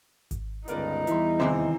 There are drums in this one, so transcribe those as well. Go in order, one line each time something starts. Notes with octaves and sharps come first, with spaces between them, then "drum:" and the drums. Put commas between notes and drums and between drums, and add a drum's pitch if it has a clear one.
drum: kick G#1, hi-hat
G1 C#2 G2 B3 D#4 A#4 D5, drum: hi-hat
E2 G3 E4 C6, drum: hi-hat
D#2 C3 E3 C4 C5